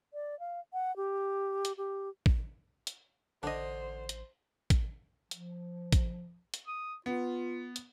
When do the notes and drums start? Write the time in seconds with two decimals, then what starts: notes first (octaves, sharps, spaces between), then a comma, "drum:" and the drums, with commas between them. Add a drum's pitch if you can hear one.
0.14 D5
0.40 F5
0.73 F#5
0.96 G4
1.65 drum: hi-hat
1.78 G4
2.26 drum: kick
2.87 drum: hi-hat
3.43 A1 D3 D4 C5 D#5
4.09 drum: hi-hat
4.70 drum: kick, hi-hat
5.31 F3, drum: hi-hat
5.93 drum: kick, hi-hat
6.54 drum: hi-hat
6.67 D#6
7.06 B3 F4
7.76 drum: hi-hat